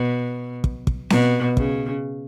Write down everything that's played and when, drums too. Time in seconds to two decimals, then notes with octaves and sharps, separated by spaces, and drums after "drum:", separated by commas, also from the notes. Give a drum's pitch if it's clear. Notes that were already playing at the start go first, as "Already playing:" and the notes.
Already playing: B2
0.64 drum: kick
0.87 drum: kick
1.10 B2, drum: snare C4
1.57 C#3, drum: kick